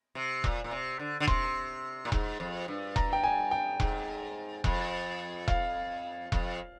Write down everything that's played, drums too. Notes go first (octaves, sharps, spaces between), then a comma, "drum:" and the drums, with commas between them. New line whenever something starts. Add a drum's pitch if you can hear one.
C3
A#2, drum: kick E1
A#2
C3
D3
D3
C3 C6, drum: kick E1
A#2
G#2, drum: kick E1
F2
G2
A#5, drum: kick E1
G5
G#5
G5
G#2, drum: kick E1
F2, drum: kick E1
F5, drum: kick E1
F2, drum: kick E1